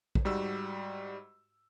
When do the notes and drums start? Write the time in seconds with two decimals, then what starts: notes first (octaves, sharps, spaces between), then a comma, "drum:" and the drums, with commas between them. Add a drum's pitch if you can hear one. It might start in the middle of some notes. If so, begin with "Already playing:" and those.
0.15 drum: kick
0.25 G#2 G3 F#4 E6